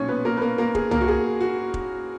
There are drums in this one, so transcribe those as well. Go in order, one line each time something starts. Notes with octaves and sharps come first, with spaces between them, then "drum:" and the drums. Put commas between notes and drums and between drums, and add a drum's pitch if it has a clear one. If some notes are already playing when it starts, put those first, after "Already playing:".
Already playing: B1 A#2 F#3 C#4 C#5
B3 B4
A#3 A#4
B4
A#3 A#4
A#3 A#4
G#4, drum: kick
A#3 A#4, drum: tom
F#4
G#4
F#4
drum: kick